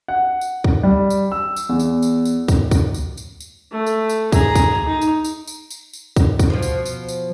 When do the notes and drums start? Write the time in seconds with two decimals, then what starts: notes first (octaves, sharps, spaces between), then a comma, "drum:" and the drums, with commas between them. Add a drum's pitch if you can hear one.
0.08 F#5
0.41 drum: tambourine
0.64 drum: kick
0.83 G3
1.10 drum: tambourine
1.32 E6
1.56 drum: tambourine
1.69 E2
1.79 drum: tambourine
2.02 drum: tambourine
2.25 drum: tambourine
2.48 drum: kick, tambourine
2.71 drum: kick, tambourine
2.94 drum: tambourine
3.17 drum: tambourine
3.40 drum: tambourine
3.71 A3
3.86 drum: tambourine
4.09 drum: tambourine
4.32 G#4 A#5, drum: kick, tambourine
4.55 drum: kick, tambourine
4.86 D#4
5.01 drum: tambourine
5.24 drum: tambourine
5.47 drum: tambourine
5.70 drum: tambourine
5.93 drum: tambourine
6.16 drum: kick, tambourine
6.39 drum: kick, tambourine
6.50 B2 F3
6.62 drum: tambourine
6.85 drum: tambourine
7.08 drum: tambourine